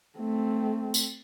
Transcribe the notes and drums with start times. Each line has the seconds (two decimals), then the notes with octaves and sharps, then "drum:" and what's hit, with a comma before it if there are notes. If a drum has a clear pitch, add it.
0.18 A3 C4
0.94 drum: tambourine